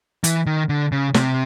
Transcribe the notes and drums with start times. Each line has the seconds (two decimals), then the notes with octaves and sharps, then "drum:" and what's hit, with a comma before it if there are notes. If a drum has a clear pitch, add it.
0.24 E3, drum: hi-hat
0.46 D#3
0.69 D3
0.92 C#3
1.14 C3, drum: snare